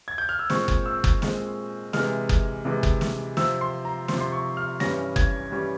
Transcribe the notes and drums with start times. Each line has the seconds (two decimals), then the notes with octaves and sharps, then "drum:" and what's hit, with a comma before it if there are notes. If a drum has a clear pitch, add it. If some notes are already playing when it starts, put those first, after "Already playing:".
0.08 G#6
0.18 G6
0.29 F6
0.39 E6
0.50 A#2 G#3 C4 C#6, drum: snare
0.68 drum: kick F#1
0.86 E6
1.04 drum: kick F#1
1.22 A#2 G#3 C4, drum: snare
1.93 C3 E3 G#3 F6, drum: snare
2.29 drum: kick F#1
2.65 C3 E3 G#3
2.83 drum: kick F#1
3.01 drum: snare
3.37 C3 F3 C4 E6, drum: snare
3.61 C6
3.85 A#5
4.08 C3 F3 C4 C6, drum: snare
4.21 C6
4.32 C#6
4.57 F6
4.80 G2 E3 G3 C#4 A#6, drum: snare
5.16 G#6, drum: kick F#1
5.52 E3 G3 C#4